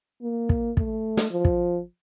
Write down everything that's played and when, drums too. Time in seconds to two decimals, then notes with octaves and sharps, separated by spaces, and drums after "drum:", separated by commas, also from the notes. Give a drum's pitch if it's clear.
0.22 A#3
0.49 drum: kick
0.77 A3, drum: kick
1.17 drum: snare
1.31 F3
1.45 drum: kick